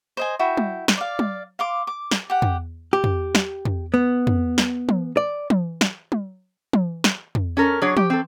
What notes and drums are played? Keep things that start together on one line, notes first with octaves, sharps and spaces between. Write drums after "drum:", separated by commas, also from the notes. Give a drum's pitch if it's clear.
C5 D#5 G#5
E4 F#4 G5
drum: tom
drum: snare
D5 F5
drum: tom
F5 C6 D6
D6
drum: snare
G4 F#5
drum: tom
G4
drum: tom
drum: snare
drum: tom
B3
drum: tom
drum: snare
drum: tom
D5
drum: tom
drum: snare
drum: tom
drum: tom
drum: snare
drum: tom
C#4 A4 A#4
F#3 D4 G#4 C#5
G4, drum: tom
C4 A4